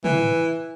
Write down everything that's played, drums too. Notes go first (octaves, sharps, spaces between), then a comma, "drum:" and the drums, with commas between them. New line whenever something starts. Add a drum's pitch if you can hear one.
E3, drum: tom